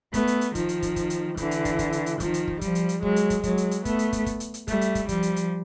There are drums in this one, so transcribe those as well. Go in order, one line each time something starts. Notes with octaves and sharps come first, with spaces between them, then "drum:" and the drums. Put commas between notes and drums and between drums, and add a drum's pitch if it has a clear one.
A3 B3, drum: kick, hi-hat
drum: hi-hat
drum: hi-hat
D#3 F3, drum: kick, hi-hat
drum: hi-hat
drum: kick, hi-hat
drum: kick, hi-hat
drum: hi-hat
D3 E3, drum: kick, hi-hat
drum: hi-hat
drum: kick, hi-hat
drum: kick, hi-hat
drum: hi-hat
drum: hi-hat
D#3 F3, drum: kick, hi-hat
drum: hi-hat
drum: kick
F3 G3, drum: kick, hi-hat
drum: hi-hat
drum: hi-hat
F#3 G#3, drum: kick
drum: hi-hat
drum: kick, hi-hat
F#3 G#3, drum: kick, hi-hat
drum: hi-hat
drum: hi-hat
A3 B3, drum: kick, hi-hat
drum: hi-hat
drum: kick, hi-hat
drum: kick, hi-hat
drum: hi-hat
drum: hi-hat
G3 A3, drum: kick, hi-hat
drum: hi-hat
drum: kick, hi-hat
F3 G3, drum: kick, hi-hat
drum: hi-hat
drum: hi-hat